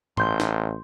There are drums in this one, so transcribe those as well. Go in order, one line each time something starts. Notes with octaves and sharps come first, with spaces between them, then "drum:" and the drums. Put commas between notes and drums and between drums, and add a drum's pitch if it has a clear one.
A1 C6 G6, drum: tom G#2
drum: snare